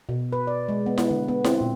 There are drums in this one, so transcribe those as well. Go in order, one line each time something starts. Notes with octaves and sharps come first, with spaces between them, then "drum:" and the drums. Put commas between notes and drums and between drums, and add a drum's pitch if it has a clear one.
B2
B4
D5
G#3
B3
B3, drum: snare E4
D3
B3
C4, drum: snare E4
A#2